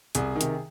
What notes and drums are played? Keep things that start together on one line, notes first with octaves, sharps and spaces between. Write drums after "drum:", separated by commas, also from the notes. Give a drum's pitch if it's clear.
C2 G#4, drum: hi-hat
D#3
C3, drum: hi-hat